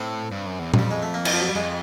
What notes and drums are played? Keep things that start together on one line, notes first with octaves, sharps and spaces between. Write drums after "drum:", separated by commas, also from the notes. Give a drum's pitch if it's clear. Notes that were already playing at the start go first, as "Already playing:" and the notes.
Already playing: A2 C4
G2
F#2
E2
F2, drum: tom A#2
G3
G#3
A3
A#3
E3, drum: cymbal
F3
F#3
G3
F2 G#3